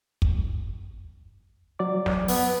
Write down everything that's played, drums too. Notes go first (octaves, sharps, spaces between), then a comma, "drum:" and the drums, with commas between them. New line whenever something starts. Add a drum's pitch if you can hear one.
drum: kick
F#3 D5 D6
drum: snare
B3, drum: open hi-hat